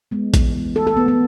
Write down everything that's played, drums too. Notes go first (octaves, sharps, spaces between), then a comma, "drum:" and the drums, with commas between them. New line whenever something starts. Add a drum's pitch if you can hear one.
G#3 B3
E3, drum: kick A#1, hi-hat
G#3 B3
E3 A4
A4
B3
B3